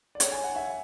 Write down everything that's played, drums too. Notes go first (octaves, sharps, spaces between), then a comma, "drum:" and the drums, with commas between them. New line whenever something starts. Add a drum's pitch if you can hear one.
D5
C#5, drum: hi-hat
G#5
F#5
E5